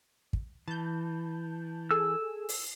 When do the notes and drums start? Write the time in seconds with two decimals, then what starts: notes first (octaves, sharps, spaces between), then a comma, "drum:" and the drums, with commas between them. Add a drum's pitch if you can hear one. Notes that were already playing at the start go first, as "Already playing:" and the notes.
0.33 drum: kick
0.68 E3 A5 G6
1.91 G#4 A4 G#5 E6
2.49 drum: open hi-hat